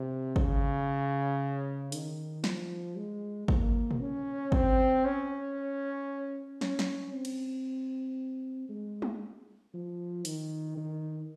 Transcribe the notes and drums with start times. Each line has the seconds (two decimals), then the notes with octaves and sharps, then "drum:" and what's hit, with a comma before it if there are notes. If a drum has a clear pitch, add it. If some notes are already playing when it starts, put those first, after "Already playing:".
Already playing: C3
0.36 C#3, drum: kick
1.92 D#3, drum: hi-hat
2.44 F3, drum: snare
2.96 G#3
3.48 A#3, drum: kick
3.91 drum: tom
4.00 C#4
4.52 C4, drum: kick
5.05 C#4
6.61 C#4, drum: snare
6.79 drum: snare
7.12 C4
7.25 drum: cymbal
8.69 G#3
9.02 drum: tom
9.74 F3
10.25 D#3, drum: hi-hat
10.77 D#3